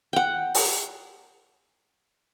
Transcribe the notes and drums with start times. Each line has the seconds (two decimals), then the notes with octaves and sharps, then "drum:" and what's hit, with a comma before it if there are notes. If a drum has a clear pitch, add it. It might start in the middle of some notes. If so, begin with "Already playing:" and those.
0.13 F#5 G5
0.54 drum: open hi-hat